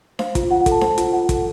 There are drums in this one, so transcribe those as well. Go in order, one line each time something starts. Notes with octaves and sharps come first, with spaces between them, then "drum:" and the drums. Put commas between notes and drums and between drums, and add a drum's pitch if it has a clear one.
C5 F5, drum: snare D4
F4, drum: kick, hi-hat
F4 F#5
F#5
A4, drum: kick, hi-hat
A5
C5, drum: snare D4
F4, drum: hi-hat
F4 F#5
A4, drum: kick, hi-hat